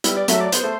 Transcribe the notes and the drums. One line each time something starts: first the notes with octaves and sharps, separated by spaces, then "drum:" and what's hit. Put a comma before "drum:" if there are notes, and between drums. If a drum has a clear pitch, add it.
G3 B3 E4, drum: hi-hat
D5
F#3 A3 E5, drum: hi-hat
D5
B3 C5, drum: hi-hat
A3